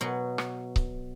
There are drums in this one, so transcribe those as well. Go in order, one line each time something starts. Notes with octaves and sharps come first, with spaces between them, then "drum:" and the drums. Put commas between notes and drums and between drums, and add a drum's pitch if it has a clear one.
B2 F#3
drum: rim click
drum: kick C#1